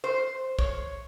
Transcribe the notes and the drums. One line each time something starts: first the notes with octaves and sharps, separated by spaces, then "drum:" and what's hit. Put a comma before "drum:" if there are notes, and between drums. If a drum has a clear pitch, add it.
C5
C#5, drum: kick